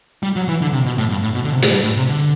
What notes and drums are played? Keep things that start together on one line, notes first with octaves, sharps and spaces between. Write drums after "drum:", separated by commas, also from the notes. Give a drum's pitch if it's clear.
G3
F#3
E3
D3
C3
B2
A2
G2
A2
B2
D3
C3
A2, drum: open hi-hat
G2
A2
C3
D3